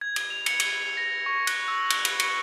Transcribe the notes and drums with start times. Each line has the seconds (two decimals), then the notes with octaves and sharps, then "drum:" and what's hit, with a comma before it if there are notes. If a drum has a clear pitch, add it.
0.01 G#6
0.16 drum: cymbal
0.30 F7
0.46 C#7, drum: cymbal
0.60 drum: cymbal
0.69 C#7
0.97 A#6
1.26 C#6
1.47 F#6, drum: cymbal
1.68 E6
1.90 F#6, drum: cymbal
2.05 drum: cymbal
2.20 C#7, drum: cymbal